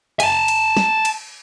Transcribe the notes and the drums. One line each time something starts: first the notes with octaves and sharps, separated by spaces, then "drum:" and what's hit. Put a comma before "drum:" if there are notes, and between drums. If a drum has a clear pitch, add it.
G#5 A5, drum: cymbal
drum: cymbal
drum: snare
drum: cymbal